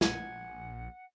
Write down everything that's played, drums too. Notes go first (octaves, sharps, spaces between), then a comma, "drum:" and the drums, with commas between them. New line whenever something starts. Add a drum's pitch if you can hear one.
A#1 F#5 G#5, drum: snare